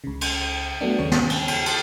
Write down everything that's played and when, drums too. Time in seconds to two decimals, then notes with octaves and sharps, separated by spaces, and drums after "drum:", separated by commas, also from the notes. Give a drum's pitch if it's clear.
0.04 C#2 C#3
0.21 drum: cymbal
0.81 F#3 A3 B3 D4
0.99 D#2 C#3 C#5
1.12 drum: snare
1.30 drum: cymbal
1.48 drum: cymbal
1.66 A5 C6, drum: cymbal